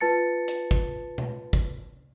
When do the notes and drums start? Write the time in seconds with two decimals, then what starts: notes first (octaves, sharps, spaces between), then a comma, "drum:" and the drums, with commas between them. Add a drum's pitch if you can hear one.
0.01 F4 B4 A5 A6 C#7
0.48 drum: hi-hat
0.71 drum: kick
1.18 drum: tom B2
1.53 drum: kick